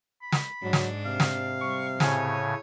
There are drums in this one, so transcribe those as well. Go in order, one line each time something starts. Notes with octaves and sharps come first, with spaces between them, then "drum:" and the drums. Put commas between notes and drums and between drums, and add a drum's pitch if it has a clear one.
B5
drum: snare
G#2 F#3 D4
drum: snare
C3 F5
drum: snare
G3 C#6
A2 C#3 C#5 G#5, drum: snare